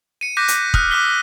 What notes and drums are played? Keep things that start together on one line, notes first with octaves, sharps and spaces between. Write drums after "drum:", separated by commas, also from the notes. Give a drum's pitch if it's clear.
C#7 D#7
D6 F#6 G6 A#6 B6 D#7
drum: hi-hat
D#6 F6 F#6, drum: kick
D6 E6 F#6 B6 G7